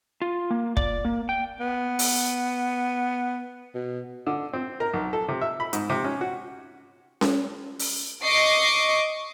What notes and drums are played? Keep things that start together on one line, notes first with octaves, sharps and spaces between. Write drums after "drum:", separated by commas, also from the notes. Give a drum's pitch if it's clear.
F4
A#3
D5, drum: kick
A#3
G5
B3
drum: open hi-hat
B2
D3
C4
A#4
B1
A4
C3
E5
B5
G#2, drum: hi-hat
C3
C#4
F#4
drum: snare C#4
drum: open hi-hat
D#5 C#6 D6 C7